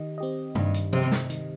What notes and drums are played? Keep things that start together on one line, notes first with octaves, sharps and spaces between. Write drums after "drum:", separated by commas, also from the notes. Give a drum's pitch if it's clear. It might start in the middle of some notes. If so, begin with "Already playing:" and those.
Already playing: D#3 G4 D#5
C4 G4 D#5
G2 D#3, drum: tom
drum: hi-hat
C3 C4 G4 D#5, drum: tom F3
drum: snare
D#3, drum: hi-hat